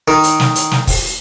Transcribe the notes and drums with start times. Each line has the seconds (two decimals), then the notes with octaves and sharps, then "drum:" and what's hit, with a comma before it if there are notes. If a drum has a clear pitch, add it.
0.08 D#3
0.24 drum: hi-hat
0.40 drum: snare
0.56 drum: hi-hat
0.71 drum: snare
0.87 drum: kick, open hi-hat